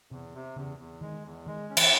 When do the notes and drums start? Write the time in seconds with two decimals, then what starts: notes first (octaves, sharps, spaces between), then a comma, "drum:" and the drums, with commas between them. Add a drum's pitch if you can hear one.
0.11 E2 C3
0.34 C3
0.57 E2 C#3
0.79 E2
1.01 D#3 G#3
1.25 E2
1.46 D#3 G#3
1.70 C#4
1.77 E3, drum: cymbal